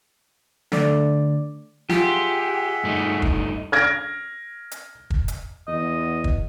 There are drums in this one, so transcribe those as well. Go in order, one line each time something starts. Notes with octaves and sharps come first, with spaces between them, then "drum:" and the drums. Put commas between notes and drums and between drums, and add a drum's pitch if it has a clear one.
D3 A3 D5, drum: snare
F4 G4 G#4 E5 F#5, drum: snare
G2 A3 D#4
drum: kick
F6 G#6 A#6 D7
drum: hi-hat
drum: kick
drum: hi-hat
E2 D#5
drum: kick